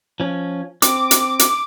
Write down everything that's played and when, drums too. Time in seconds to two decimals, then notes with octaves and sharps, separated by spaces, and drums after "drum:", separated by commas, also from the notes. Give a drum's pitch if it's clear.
0.20 F3 C#4
0.82 C4 D6, drum: hi-hat
1.11 drum: hi-hat
1.39 drum: hi-hat